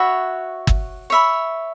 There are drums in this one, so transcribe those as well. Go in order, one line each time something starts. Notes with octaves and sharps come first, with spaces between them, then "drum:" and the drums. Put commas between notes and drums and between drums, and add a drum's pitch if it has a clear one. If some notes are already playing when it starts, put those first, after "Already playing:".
Already playing: F#4 C#5 E5 B5
drum: kick
C#5 E5 B5